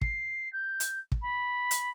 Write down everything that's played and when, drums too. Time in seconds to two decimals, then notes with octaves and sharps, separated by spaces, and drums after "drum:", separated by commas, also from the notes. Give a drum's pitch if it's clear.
0.01 C7, drum: kick
0.53 G6
0.80 drum: hi-hat
1.12 drum: kick
1.22 B5
1.71 drum: hi-hat